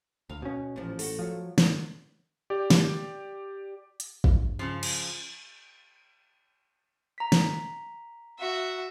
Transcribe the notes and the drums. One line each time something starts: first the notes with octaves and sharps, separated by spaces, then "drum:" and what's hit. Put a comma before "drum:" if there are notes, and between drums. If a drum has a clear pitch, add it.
D2 F5
B2 C#4
A1 A#2 F3
A3 F#4, drum: open hi-hat
F3 F#3
drum: snare
G4 D5
drum: snare
drum: hi-hat
G2, drum: kick
C#3 F3
drum: cymbal
A#5 B6
drum: snare
F#4 E5